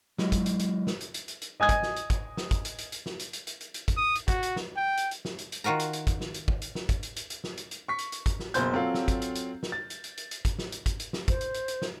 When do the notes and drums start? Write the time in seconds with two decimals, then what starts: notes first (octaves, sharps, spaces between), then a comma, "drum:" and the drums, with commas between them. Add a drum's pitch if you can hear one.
0.18 F#3 G#3 E4 D#5, drum: snare
0.32 drum: kick, hi-hat
0.46 drum: hi-hat
0.59 drum: hi-hat
0.87 drum: snare
1.01 drum: hi-hat
1.14 drum: hi-hat
1.28 drum: hi-hat
1.42 drum: hi-hat
1.60 D#5 G#5 D#6 G#6
1.69 drum: kick, hi-hat
1.83 drum: snare
1.96 drum: hi-hat
2.10 drum: kick, hi-hat
2.37 drum: snare
2.51 drum: kick, hi-hat
2.65 drum: hi-hat
2.78 drum: hi-hat
2.92 drum: hi-hat
3.06 drum: snare
3.19 drum: hi-hat
3.33 drum: hi-hat
3.47 drum: hi-hat
3.61 drum: hi-hat
3.74 drum: hi-hat
3.88 drum: kick, hi-hat
3.97 D#6
4.15 drum: hi-hat
4.28 F#4, drum: kick, hi-hat
4.43 drum: hi-hat
4.56 drum: snare
4.77 G5
4.97 drum: hi-hat
5.11 drum: hi-hat
5.25 drum: snare
5.38 drum: hi-hat
5.52 drum: hi-hat
5.64 D#3 F4 F#4 A#4 A#5
5.80 drum: hi-hat
5.93 drum: hi-hat
6.07 drum: kick, hi-hat
6.21 drum: snare
6.34 drum: hi-hat
6.48 drum: kick
6.62 drum: hi-hat
6.75 drum: snare
6.89 drum: kick, hi-hat
7.03 drum: hi-hat
7.16 drum: hi-hat
7.30 drum: hi-hat
7.44 drum: snare
7.57 drum: hi-hat
7.71 drum: hi-hat
7.88 C#6 B6
7.99 drum: hi-hat
8.12 drum: hi-hat
8.26 drum: kick, hi-hat
8.40 drum: snare
8.54 F#1 B2 C5 G6, drum: hi-hat
8.73 F#3 C4 F4 A4 F5
8.94 drum: snare
9.08 drum: kick, hi-hat
9.22 drum: hi-hat
9.35 drum: hi-hat
9.63 drum: snare
9.72 A6
9.90 drum: hi-hat
10.04 drum: hi-hat
10.17 drum: hi-hat
10.31 drum: hi-hat
10.45 drum: kick, hi-hat
10.59 drum: snare
10.72 drum: hi-hat
10.86 drum: kick, hi-hat
11.00 drum: hi-hat
11.13 drum: snare
11.28 C5, drum: kick, hi-hat
11.41 drum: hi-hat
11.54 drum: hi-hat
11.68 drum: hi-hat
11.82 drum: snare